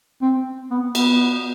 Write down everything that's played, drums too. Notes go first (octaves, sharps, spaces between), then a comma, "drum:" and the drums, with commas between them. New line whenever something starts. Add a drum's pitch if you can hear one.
C4
B3
B3, drum: cymbal